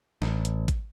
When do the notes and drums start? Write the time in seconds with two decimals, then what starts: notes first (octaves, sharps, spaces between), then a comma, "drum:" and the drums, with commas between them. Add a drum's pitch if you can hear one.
0.22 A1, drum: snare
0.45 drum: hi-hat
0.68 drum: kick G#1, hi-hat